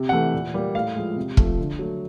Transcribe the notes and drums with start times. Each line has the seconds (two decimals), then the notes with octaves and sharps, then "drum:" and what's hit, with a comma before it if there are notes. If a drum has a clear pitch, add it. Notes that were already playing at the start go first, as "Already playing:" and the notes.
Already playing: C3
0.09 E3 A3 F#5
0.34 A#2
0.54 G3 A#3
0.75 A2 F5
0.96 F3 G#3
1.16 C3
1.37 F3 A3, drum: kick
1.59 D3
1.79 F#3 A3